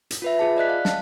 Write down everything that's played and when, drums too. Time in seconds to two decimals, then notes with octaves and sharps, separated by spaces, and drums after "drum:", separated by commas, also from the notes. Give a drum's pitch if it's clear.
0.10 drum: hi-hat
0.22 F4 B4 E5
0.39 F4 G#4 A5
0.57 D5 D#5 F#6 B6
0.69 F5
0.85 A5, drum: snare